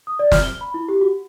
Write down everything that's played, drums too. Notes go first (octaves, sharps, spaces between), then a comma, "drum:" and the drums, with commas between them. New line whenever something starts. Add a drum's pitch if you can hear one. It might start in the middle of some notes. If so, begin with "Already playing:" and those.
D#6
D5
F6, drum: snare
G7
B5
E4
G4
F#4